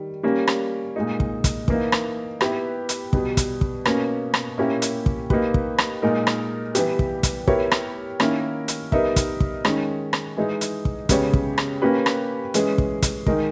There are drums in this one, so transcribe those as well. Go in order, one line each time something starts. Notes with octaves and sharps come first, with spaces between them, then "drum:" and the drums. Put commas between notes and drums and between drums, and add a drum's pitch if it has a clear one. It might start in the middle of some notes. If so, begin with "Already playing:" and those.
Already playing: D#3 G3
G3 A#3 C#4
drum: rim click
A#2 G#3 D#4
drum: kick
drum: kick, hi-hat
E3 A#3 D#4, drum: kick
drum: rim click
B3 E4 G4 B4, drum: rim click
drum: hi-hat
B2 G3 B3, drum: kick
drum: kick, hi-hat
drum: kick
B2 A#3 C#4, drum: rim click
drum: rim click
A#2 A#3 C#4 E4 G4
drum: hi-hat
drum: kick
A#3 D#4 G4 B4, drum: kick
drum: kick
drum: rim click
A#2 G#3 D#4 A#4
drum: rim click
E3 G3 B3 G4, drum: hi-hat
drum: kick
drum: kick, hi-hat
B3 E4 G4 A#4 C#5, drum: kick
drum: rim click
D#3 A#3 C#4 E4 A#4, drum: rim click
drum: hi-hat
G3 B3 D#4 A#4 E5, drum: kick
drum: kick, hi-hat
drum: kick
D#3 G#3 C#4, drum: rim click
drum: rim click
E3 G#3 D#4 G#4
drum: hi-hat
drum: kick
C#3 G#3 B3 G4 C#5, drum: kick, hi-hat
drum: kick
drum: rim click
A#3 C#4 G4 B4
drum: rim click
E3 G#3 C#4 G#4, drum: hi-hat
drum: kick
drum: kick, hi-hat
D#3 G#3 D#4 A#4, drum: kick